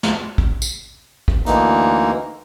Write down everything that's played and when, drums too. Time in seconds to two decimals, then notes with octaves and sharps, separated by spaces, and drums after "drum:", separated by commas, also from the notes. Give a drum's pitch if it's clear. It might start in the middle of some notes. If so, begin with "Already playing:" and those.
0.03 drum: snare
0.38 drum: kick
0.62 drum: tambourine
1.28 drum: kick
1.46 D2 D3 E3 A#3 D#4, drum: hi-hat